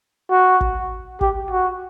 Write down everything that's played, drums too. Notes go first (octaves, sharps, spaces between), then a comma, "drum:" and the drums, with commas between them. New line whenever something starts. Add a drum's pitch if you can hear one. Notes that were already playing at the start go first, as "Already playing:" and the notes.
F#4
drum: kick
G4, drum: kick
F#4